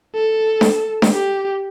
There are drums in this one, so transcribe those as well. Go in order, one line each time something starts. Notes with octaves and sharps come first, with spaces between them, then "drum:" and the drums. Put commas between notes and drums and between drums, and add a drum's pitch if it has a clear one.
A4
drum: snare D4
drum: snare D4
G4